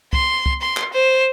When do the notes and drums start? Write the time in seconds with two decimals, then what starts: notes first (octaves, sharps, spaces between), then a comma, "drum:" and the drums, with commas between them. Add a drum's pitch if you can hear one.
0.13 C6, drum: kick C2
0.46 drum: kick C2
0.61 C6
0.77 drum: clap
0.93 C5